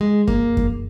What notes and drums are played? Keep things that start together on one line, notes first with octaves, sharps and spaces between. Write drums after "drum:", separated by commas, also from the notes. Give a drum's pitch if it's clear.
G#3
A#3, drum: kick F#2
drum: kick F#2